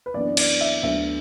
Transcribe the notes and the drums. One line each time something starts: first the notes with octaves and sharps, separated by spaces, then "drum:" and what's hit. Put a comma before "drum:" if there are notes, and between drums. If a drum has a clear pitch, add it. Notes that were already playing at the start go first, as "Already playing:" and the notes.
B4
F#2 E3 B3 D4 D5
D5, drum: cymbal
E5
D2 D3 F#3 B3 E5